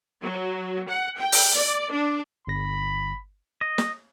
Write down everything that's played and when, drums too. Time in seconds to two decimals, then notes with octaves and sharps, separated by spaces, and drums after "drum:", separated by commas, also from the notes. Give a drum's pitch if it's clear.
0.23 F#3
0.88 F#5
1.18 G5
1.32 drum: open hi-hat
1.55 D5
1.92 D4
2.47 G1 B5 A#6
3.61 D#5
3.78 drum: snare